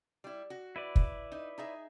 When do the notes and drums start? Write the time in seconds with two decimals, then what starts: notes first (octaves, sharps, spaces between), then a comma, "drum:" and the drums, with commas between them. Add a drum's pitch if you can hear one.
0.24 G3 E4
0.50 F#4
0.76 E4 B4 D5
0.96 drum: kick
1.32 D#4
1.58 D#4 G#4 E5